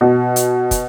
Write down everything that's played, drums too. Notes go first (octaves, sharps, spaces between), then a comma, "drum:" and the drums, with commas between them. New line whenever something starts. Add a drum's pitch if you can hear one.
B2
drum: hi-hat
drum: kick, hi-hat